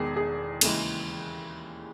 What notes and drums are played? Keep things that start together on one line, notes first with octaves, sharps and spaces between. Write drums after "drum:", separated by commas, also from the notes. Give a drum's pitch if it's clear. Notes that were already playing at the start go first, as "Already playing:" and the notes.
Already playing: E1 E2 D#3 G#3 G#4
G#4
D#2 C#3 E3 G#3, drum: cymbal